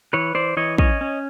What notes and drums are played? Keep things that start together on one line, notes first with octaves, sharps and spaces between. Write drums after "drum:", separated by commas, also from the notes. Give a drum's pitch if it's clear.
E3 B4 C#5
E3 C5 D5
E3 C#5 D#5
C#4 C#5 D#5, drum: kick
C#4